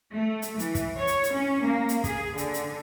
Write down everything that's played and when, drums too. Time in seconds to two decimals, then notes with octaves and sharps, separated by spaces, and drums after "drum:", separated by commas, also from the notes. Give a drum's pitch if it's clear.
0.14 A3
0.42 drum: hi-hat
0.59 E3, drum: hi-hat
0.75 drum: kick, hi-hat
0.98 C#5
1.07 drum: hi-hat
1.24 drum: hi-hat
1.34 C#4
1.63 A#3
1.89 drum: hi-hat
2.04 G#4, drum: kick, hi-hat
2.38 D3, drum: hi-hat
2.54 drum: hi-hat